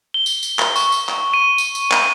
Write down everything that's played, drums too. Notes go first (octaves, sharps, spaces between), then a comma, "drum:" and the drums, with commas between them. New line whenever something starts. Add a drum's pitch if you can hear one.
G7
drum: tambourine
drum: tambourine
drum: clap
C#6, drum: tambourine
drum: tambourine
drum: clap
D#7
drum: tambourine
drum: tambourine
drum: clap